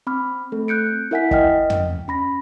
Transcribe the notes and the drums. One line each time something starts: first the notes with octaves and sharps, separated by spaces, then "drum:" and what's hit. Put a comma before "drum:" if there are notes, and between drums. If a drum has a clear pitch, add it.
C4 B5 D6 F6
A3 C4 A4
F#6 G6 C#7 D7
E4 A#4 E5 F#5 G#5 B6
D#5 G5 F6, drum: kick G1
drum: tom
C#4 B5 A#6